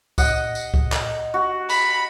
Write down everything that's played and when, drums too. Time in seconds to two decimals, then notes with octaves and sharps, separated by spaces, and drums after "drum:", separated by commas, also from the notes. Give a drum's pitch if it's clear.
0.18 D#5 F#5, drum: kick C2, tambourine
0.55 drum: tambourine
0.74 drum: kick C2
0.92 drum: clap
1.34 F#4
1.70 B5, drum: tambourine